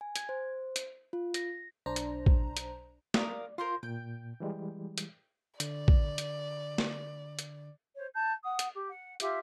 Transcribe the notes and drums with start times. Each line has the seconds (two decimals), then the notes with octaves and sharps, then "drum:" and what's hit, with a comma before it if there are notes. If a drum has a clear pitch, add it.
0.01 G#5
0.16 G#6, drum: hi-hat
0.29 C5
0.76 drum: hi-hat
1.13 F4
1.34 A#6, drum: hi-hat
1.86 B1 D4 C5 A#5
1.96 drum: hi-hat
2.26 drum: kick
2.57 drum: hi-hat
3.14 A#4 D5 F5 D#6, drum: snare A#3
3.58 F4 A#4 C5 C6
3.83 A#2 G5
4.40 E3 G3 G#3
4.98 drum: hi-hat
5.60 D3 D5, drum: hi-hat
5.88 drum: kick
6.18 drum: hi-hat
6.78 drum: snare A#3
7.39 drum: hi-hat
7.95 C5 C#5
8.14 A5 G6
8.44 F#5 D#6
8.59 drum: hi-hat
8.73 G4
8.90 F#5
9.20 F4 G4 E5, drum: hi-hat